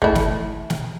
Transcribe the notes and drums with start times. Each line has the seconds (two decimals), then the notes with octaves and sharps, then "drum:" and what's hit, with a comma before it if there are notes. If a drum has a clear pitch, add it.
0.02 A3 E4, drum: kick
0.15 drum: snare
0.70 drum: snare